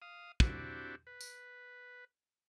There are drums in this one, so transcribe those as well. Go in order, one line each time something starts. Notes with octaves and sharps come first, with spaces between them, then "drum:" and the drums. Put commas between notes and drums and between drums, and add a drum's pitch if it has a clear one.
F5 D#6
C4 D4 E4 F#4 G4, drum: kick
B4
drum: tambourine